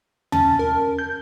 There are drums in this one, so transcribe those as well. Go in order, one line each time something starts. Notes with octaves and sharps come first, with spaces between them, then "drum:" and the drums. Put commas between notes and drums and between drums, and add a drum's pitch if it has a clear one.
C#4 A5, drum: tom
A#4
G6